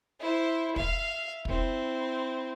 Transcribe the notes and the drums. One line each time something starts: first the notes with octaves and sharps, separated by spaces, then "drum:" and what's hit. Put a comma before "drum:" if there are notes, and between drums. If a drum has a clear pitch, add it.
E4 C5
E5 F5, drum: kick
C4 E4, drum: kick